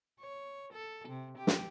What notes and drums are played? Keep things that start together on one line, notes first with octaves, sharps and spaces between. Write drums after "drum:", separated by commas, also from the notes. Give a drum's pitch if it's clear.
C#5
A4
C3
G4
drum: snare